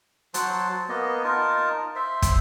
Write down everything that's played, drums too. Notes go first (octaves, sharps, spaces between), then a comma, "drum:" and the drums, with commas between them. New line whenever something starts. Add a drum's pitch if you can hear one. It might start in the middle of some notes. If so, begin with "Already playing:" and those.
F#3 C5 F#5 A5, drum: hi-hat
A#3 B3 D#5
D#4 F4 A#4 A5
C5 E5
drum: kick, hi-hat